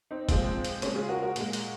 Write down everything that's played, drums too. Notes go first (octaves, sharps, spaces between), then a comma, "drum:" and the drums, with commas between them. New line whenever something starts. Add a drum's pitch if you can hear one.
C4 D#4
A#2 F3 G#3 C4, drum: kick F1, hi-hat
C4
drum: hi-hat
C#3 G#3 A#3 C#4, drum: hi-hat
F4 G#4
F#4 A#4
F#4 A#4
A#2 G#3, drum: hi-hat
drum: hi-hat